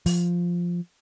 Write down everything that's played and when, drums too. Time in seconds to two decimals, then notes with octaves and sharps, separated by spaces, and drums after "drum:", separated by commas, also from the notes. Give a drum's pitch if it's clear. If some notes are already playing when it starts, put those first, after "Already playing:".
0.06 F3, drum: open hi-hat